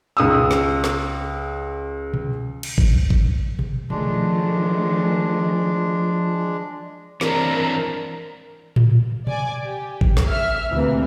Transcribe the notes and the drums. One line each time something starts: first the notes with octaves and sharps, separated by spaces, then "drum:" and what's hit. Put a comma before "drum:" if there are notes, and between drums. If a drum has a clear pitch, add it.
C#2 D#6 E6
drum: snare
drum: snare
drum: tom B2
drum: cymbal
drum: kick G#1
drum: kick G#1
drum: tom B2
D#3 F3 F#3 G#3 A3 D4, drum: tom B2
E3 C4 D4 A#4, drum: snare
drum: tom A2
D5 G#5 D6, drum: tom B2
G4
drum: kick G#1
drum: snare
E5 F6
D2 C3 E3 A#3